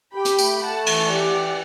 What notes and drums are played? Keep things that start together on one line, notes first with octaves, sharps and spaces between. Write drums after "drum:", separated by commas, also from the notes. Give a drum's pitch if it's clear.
G4 G5 B5
drum: hi-hat
A3, drum: tambourine
A3 F#5 A5
E3, drum: cymbal
G4 D5 F#5
E3